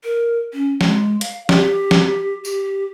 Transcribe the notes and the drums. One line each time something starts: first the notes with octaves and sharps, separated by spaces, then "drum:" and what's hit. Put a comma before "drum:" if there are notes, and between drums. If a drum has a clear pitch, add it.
A#4
C#4
G#3, drum: snare
F5, drum: hi-hat
G4, drum: snare
drum: snare
G4, drum: tambourine